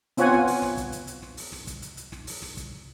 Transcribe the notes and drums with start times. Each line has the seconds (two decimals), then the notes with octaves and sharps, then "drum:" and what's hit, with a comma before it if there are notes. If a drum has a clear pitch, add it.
0.17 B3 C4 F4 C#5 F#5 G#5, drum: hi-hat
0.32 drum: snare
0.47 drum: open hi-hat
0.62 drum: snare
0.77 drum: kick, hi-hat
0.92 drum: hi-hat
1.07 drum: hi-hat
1.22 drum: snare
1.37 drum: open hi-hat
1.52 drum: snare
1.67 drum: kick, hi-hat
1.82 drum: hi-hat
1.97 drum: hi-hat
2.12 drum: snare
2.27 drum: open hi-hat
2.42 drum: snare
2.57 drum: kick, hi-hat